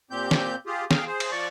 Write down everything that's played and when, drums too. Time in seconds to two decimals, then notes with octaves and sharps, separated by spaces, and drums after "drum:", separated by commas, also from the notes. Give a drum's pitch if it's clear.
0.11 A#2 C4 G4 G6
0.31 drum: snare
0.66 F4 G4 G#4
0.91 G#4 F5 G5, drum: snare
1.07 G#4 C5
1.20 drum: cymbal
1.32 F3 D5 C#6